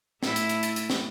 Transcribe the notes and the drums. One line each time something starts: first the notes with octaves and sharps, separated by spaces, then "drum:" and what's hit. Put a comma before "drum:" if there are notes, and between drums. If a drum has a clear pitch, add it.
A2 A3 E4, drum: snare
drum: hi-hat
drum: hi-hat
drum: hi-hat
drum: hi-hat
drum: snare